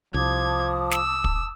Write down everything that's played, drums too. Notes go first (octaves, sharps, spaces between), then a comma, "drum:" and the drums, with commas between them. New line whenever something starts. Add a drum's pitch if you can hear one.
C2 F3 A5 D6 D#6 G#6
E6, drum: snare
drum: kick